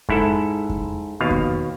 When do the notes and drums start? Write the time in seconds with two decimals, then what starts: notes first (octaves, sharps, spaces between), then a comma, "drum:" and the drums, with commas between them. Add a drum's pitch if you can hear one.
0.09 G#2 E4 A4, drum: kick F2
0.70 drum: kick F2
1.20 D#2 B2 F5
1.30 drum: kick F2